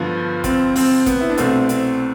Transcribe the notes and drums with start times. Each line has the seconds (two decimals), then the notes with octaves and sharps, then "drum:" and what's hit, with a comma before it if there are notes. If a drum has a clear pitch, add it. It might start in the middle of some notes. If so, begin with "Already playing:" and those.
Already playing: G2 D3 F3 B3
0.44 C4, drum: kick, hi-hat
0.76 C4, drum: open hi-hat
1.06 B3, drum: kick, hi-hat
1.21 E4
1.30 D4
1.38 C2 B2 A3 C4, drum: hi-hat
1.69 C4, drum: hi-hat